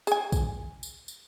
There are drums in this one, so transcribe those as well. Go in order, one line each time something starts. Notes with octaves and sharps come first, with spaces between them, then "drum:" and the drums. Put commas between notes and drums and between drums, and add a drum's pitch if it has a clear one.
G#4 G#5, drum: tambourine
drum: kick, tambourine
drum: tambourine
drum: tambourine